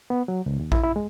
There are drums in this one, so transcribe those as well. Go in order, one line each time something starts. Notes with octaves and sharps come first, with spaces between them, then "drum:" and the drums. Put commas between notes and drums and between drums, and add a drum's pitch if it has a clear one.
B3
F#3
C#2
D#2
E4, drum: kick A#1
E4
G#3